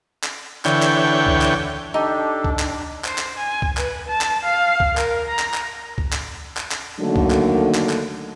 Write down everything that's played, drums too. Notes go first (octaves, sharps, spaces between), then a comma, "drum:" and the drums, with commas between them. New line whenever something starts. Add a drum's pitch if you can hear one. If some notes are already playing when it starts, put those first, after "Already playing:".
drum: clap
D3 E3 C#5 G5, drum: clap
drum: clap
drum: kick
drum: clap
D4 D#4 G4 A4
drum: kick
drum: clap
C5, drum: clap
drum: clap
G#5
drum: kick
B4, drum: clap
A5
drum: clap
F5
drum: kick
A#4, drum: clap
A#5
drum: clap
drum: clap
drum: kick
drum: clap
drum: clap
drum: clap
D3 D#3 F#3 A3 A#3 D4
drum: kick
drum: clap
drum: clap
drum: clap